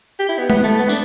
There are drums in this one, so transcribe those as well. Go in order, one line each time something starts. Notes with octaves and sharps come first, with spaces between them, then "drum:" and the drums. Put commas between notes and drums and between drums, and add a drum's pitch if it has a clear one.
G4
E4
B3
B3, drum: tom G#3
A3
B3
D4, drum: tambourine